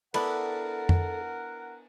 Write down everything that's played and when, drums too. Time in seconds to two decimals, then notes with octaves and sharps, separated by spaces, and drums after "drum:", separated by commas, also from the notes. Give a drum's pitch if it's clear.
0.14 B3 D4 E4 A4 A#4 F#5, drum: cymbal
0.89 drum: tom F2